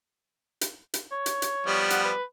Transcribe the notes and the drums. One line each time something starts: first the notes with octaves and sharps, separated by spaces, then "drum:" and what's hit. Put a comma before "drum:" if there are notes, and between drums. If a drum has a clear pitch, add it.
drum: hi-hat
drum: hi-hat
C#5
drum: hi-hat
drum: hi-hat
F3 G3 B3
F#5, drum: hi-hat
B4